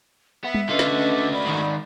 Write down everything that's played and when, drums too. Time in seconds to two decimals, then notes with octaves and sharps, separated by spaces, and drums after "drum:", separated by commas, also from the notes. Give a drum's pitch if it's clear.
0.44 B3 E5
0.54 drum: tom G3
0.69 D3 C#4 F4 B4 D#5
0.79 drum: snare
0.88 A3 F#4
1.33 D5 B5
1.46 G#2 D#3